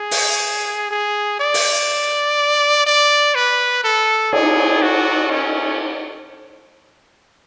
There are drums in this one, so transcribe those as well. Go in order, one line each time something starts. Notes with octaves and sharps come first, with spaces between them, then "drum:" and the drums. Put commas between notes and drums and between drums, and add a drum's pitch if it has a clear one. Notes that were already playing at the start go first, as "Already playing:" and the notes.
Already playing: G#4
drum: open hi-hat
G#4
D5
drum: open hi-hat
D5
B4
A4
G#4, drum: cymbal
F#4
C#4